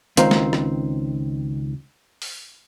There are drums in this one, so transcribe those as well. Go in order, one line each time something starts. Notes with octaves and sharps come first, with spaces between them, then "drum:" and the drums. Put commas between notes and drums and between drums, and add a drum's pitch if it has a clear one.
C#2 D#3 C4, drum: hi-hat
drum: snare
drum: rim click
drum: open hi-hat